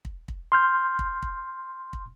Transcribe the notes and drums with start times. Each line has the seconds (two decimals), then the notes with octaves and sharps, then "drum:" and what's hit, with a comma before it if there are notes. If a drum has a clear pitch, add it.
0.05 drum: kick
0.28 drum: kick
0.52 C6 F6 G6
0.99 drum: kick
1.22 drum: kick
1.93 drum: kick